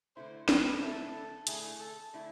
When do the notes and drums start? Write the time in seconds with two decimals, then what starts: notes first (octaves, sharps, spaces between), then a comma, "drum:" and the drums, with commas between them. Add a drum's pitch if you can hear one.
0.16 D3 A3 E4 C5
0.49 B4, drum: snare
0.82 D3 A3 E4 A4
1.15 A4
1.47 D3 A3 E4 G#4, drum: hi-hat
1.80 A4
2.13 D3 A3 E4